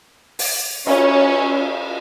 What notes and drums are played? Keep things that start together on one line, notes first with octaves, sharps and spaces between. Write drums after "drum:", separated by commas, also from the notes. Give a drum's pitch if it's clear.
drum: open hi-hat
C#4, drum: cymbal